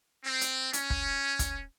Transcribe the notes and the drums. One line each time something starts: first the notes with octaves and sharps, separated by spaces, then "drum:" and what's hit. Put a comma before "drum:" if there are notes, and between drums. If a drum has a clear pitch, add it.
C4
drum: hi-hat
C#4, drum: hi-hat
drum: kick
drum: kick, hi-hat